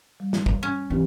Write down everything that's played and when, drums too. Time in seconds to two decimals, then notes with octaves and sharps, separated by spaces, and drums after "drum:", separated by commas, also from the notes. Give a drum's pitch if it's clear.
0.20 G3
0.33 drum: snare
0.46 drum: kick
0.63 C#4
0.90 E3 C4 G4